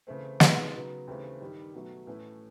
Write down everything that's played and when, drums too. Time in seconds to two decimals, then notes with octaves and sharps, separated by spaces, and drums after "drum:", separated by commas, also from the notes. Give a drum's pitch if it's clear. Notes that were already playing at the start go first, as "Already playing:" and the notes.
0.07 C#3 E3 A3 C4
0.40 B2 G#3 B3 D#4 G#4, drum: snare
0.73 C#3 F#3 B3
1.07 D#2 C#3 E3 A3 C4
1.40 G2 D#3 G3
1.74 B2 F#3 A3
2.07 A2 E3 A3 C#4 E4